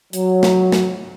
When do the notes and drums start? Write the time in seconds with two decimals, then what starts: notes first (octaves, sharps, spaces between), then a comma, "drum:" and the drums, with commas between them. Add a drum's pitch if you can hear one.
0.13 F#3, drum: hi-hat
0.43 drum: snare
0.72 drum: snare